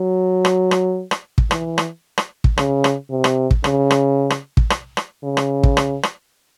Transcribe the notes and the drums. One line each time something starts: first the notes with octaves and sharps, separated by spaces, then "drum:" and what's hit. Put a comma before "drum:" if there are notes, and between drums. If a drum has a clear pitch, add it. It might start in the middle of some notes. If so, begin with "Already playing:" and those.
Already playing: F#3
drum: rim click
drum: rim click
drum: rim click
drum: kick
E3, drum: rim click
drum: rim click
drum: rim click
drum: kick
C#3, drum: rim click
drum: rim click
C3
drum: rim click
drum: kick
C#3, drum: rim click
drum: rim click
drum: rim click
drum: kick
drum: rim click
drum: rim click
C#3
drum: rim click
drum: kick
drum: rim click
drum: rim click